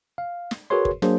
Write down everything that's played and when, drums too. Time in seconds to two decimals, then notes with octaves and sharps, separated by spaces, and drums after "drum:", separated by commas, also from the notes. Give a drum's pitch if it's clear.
0.18 F5
0.51 drum: snare
0.70 F#4 G#4 A#4 B4 C#5 C6
0.85 drum: kick
1.02 F#3 A#3 D4 G#4 C5, drum: snare